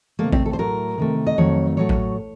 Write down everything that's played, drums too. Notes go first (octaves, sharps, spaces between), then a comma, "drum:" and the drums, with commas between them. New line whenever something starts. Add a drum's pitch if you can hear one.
C3 D#3 A3 A#3
C4, drum: kick A1
A4
C5
A2 F#3 A3 A#4
C3 D#3 A3
D#5
F2 D#3 F#3 A3 C#5
A2 F#3 A3 C#5
drum: kick A1